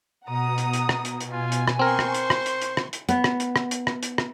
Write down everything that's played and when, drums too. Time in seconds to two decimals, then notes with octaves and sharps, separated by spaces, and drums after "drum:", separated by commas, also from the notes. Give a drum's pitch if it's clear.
0.27 B2 F#5 A#5 D#6
0.58 drum: hi-hat
0.73 drum: hi-hat
0.89 drum: rim click
1.05 drum: hi-hat
1.21 drum: hi-hat
1.32 F4 G#5
1.52 drum: hi-hat
1.68 drum: rim click
1.79 C4 A#4 C5 C6 C#6
1.99 drum: rim click
2.15 drum: hi-hat
2.30 drum: rim click
2.46 drum: hi-hat
2.62 drum: hi-hat
2.77 drum: rim click
2.93 drum: hi-hat
3.09 B3, drum: hi-hat
3.24 drum: rim click
3.40 drum: hi-hat
3.56 drum: rim click
3.71 drum: hi-hat
3.87 drum: rim click
4.03 drum: hi-hat
4.18 drum: rim click